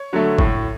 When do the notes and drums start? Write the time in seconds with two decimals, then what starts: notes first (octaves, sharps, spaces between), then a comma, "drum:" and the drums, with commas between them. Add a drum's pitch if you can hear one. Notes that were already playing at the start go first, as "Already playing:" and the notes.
Already playing: C#5
0.13 D3 F#3 A3
0.39 A2, drum: kick G1